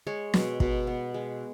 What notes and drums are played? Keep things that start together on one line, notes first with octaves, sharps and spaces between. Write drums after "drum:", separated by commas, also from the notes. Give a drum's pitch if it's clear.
G#3 C#5
B2, drum: snare
B2, drum: kick
B3
G#3